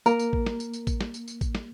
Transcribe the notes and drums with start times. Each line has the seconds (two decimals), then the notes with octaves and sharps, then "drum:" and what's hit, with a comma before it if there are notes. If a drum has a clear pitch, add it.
0.06 A#3 A#4, drum: tambourine
0.19 drum: tambourine
0.33 drum: kick A1
0.46 drum: snare
0.60 drum: tambourine
0.73 drum: tambourine
0.87 drum: kick A1, tambourine
1.01 drum: snare
1.14 drum: tambourine
1.28 drum: tambourine
1.41 drum: kick A1, tambourine
1.55 drum: snare